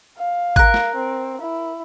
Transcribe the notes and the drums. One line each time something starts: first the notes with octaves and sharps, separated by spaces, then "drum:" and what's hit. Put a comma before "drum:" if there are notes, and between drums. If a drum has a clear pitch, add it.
F5
A#4 F#6, drum: kick G#1
drum: snare
C4
E4